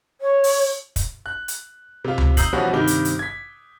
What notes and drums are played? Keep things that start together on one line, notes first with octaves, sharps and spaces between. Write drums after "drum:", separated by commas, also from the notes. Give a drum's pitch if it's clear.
C#5
drum: open hi-hat
drum: kick, hi-hat
F#6
drum: hi-hat
C3 F4
drum: tom C#2
A#5 D#6 E6 G6 C7 F#7, drum: kick, hi-hat
B2 E3 F3 G3 C#4 F#4
G2 C3 D#3 D6 G7
drum: hi-hat
drum: hi-hat
G#6 B6